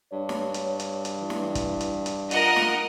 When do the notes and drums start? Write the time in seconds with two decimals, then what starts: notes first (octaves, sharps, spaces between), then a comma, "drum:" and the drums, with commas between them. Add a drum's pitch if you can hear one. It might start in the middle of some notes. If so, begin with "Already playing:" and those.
0.12 G2 C#5
0.29 drum: snare
0.54 drum: hi-hat
0.80 drum: hi-hat
1.05 drum: hi-hat
1.20 E3
1.30 drum: snare
1.55 drum: kick, hi-hat
1.81 drum: hi-hat
2.06 drum: hi-hat
2.31 F4 A#4 D#5 F#5, drum: hi-hat
2.56 drum: snare